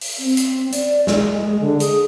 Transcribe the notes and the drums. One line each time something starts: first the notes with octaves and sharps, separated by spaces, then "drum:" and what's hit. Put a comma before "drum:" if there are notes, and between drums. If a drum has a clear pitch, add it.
drum: open hi-hat
C4
drum: hi-hat
D5, drum: hi-hat
G#3, drum: snare
G#3
D3
G#4, drum: hi-hat